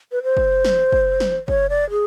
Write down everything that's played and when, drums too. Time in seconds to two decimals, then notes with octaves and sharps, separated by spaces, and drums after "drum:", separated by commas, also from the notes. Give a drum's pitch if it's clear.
0.12 B4
0.23 C5
0.37 drum: kick
0.65 drum: snare
0.92 drum: kick
1.20 drum: snare
1.48 C#5, drum: kick
1.70 D5
1.90 G#4